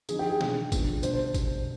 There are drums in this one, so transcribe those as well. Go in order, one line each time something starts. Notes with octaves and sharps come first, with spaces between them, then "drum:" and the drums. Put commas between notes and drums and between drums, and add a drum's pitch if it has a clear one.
D3 F3 C4 D#4 G#4, drum: tambourine
G4
G#4
B2 G#3 D4, drum: snare
D3 F3 G#3 B3, drum: kick G#1, tambourine
B2 G3 D4 C5, drum: tambourine
C5
drum: kick G#1, tambourine